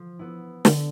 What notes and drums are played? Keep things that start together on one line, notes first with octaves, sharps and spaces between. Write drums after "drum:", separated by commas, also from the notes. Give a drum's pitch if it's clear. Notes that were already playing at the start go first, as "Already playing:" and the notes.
Already playing: F3
B3 E4
D3, drum: snare